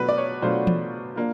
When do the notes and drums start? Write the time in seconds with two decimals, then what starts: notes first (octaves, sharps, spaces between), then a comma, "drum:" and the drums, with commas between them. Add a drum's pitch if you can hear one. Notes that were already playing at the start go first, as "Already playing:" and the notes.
Already playing: B2 F#3 A3 D4 F4 B4
0.09 D5
0.18 C#5
0.42 B2 F#3 A3 D4 F4 C5
0.67 drum: tom E3
1.16 A#3 D4 F4